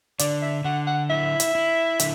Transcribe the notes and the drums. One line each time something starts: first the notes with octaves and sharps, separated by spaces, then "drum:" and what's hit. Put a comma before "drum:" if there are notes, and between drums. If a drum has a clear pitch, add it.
D3 D5, drum: hi-hat
E5
D3 F#5
F#5
E4 E5
drum: hi-hat
E4
D3, drum: hi-hat